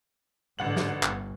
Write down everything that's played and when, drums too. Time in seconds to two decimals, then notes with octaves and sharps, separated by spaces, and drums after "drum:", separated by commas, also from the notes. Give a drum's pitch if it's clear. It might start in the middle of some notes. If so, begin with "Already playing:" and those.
0.59 A1 G#2 D3 F#5 F#7
0.76 drum: snare
1.03 G1, drum: clap